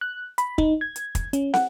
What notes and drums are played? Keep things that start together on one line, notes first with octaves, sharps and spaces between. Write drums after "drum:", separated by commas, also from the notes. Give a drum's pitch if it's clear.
F#6
B5, drum: hi-hat
D#4, drum: kick
G#6
drum: hi-hat
drum: kick, hi-hat
C#4, drum: hi-hat
F#5, drum: snare